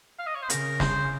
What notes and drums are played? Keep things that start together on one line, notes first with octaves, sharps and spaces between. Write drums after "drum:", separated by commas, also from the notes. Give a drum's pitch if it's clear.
F5
D#5
C#5
C5
C#3 A#4, drum: hi-hat
C5, drum: snare